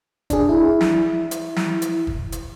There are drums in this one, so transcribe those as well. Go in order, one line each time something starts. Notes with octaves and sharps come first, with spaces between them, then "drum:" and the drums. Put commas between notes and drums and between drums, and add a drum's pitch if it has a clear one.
D4 G#4, drum: kick, hi-hat
E4
drum: snare
drum: hi-hat
drum: snare
drum: hi-hat
drum: kick
drum: hi-hat